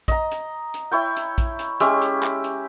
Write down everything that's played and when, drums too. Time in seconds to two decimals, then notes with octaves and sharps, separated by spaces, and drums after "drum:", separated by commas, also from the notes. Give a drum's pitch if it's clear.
0.08 D#5 A#5, drum: kick A#1, hi-hat
0.32 drum: hi-hat
0.74 drum: hi-hat
0.91 E4 C#5 G5
1.17 drum: hi-hat
1.38 drum: kick A#1, hi-hat
1.59 drum: hi-hat
1.80 G#3 C#4 G4 E5, drum: hi-hat
2.02 drum: hi-hat
2.23 drum: clap
2.44 drum: hi-hat